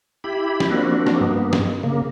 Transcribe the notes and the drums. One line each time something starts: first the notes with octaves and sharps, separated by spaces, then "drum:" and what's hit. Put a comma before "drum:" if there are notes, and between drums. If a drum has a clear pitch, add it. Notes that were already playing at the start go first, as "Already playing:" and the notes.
E4 G4 B5
drum: snare
F3 A#3 C4 D4 F#4
drum: snare
G2 A#3 B3
drum: snare
C#3 A#3